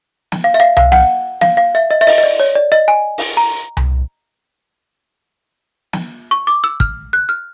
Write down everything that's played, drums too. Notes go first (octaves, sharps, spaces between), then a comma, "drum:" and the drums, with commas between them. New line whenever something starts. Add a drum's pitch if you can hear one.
drum: snare
F5
E5
F5
F5, drum: tom C2
F#5, drum: snare
F5, drum: snare
F5
E5
D#5
E5
D#5, drum: open hi-hat
D#5
D5
C#5
D5
D#5
G#5
drum: open hi-hat
A#5
drum: tom C2
drum: snare
C#6
D6
E6
F6, drum: kick
F#6
F6